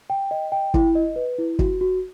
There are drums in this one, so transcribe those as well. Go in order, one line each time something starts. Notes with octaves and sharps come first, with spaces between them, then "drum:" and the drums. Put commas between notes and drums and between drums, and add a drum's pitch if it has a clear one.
G5
D#5
G5
E4, drum: kick
D#5
B4
E4
F#4, drum: kick
F#4